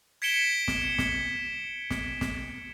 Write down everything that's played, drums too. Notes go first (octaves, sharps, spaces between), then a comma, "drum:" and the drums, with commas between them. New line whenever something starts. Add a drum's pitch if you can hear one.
G#6 B6 C#7 D7 E7 G7
drum: snare
drum: snare
drum: snare
drum: snare